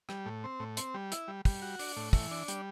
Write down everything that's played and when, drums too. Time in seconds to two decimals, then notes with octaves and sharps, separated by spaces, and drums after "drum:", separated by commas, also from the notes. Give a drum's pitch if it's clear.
0.09 G3, drum: rim click
0.26 A2
0.44 C4
0.60 A2
0.77 C4, drum: hi-hat
0.94 G3
1.12 E4, drum: hi-hat
1.28 G3
1.45 G3, drum: kick, open hi-hat
1.62 F#4
1.79 D4, drum: open hi-hat
1.97 A2
2.13 E3, drum: kick, open hi-hat
2.31 D4
2.48 G3, drum: hi-hat